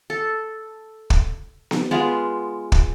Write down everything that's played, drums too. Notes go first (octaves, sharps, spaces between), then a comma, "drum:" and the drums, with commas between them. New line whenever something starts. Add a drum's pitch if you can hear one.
A4
drum: kick
drum: snare B3
G#3 B3 F4
drum: kick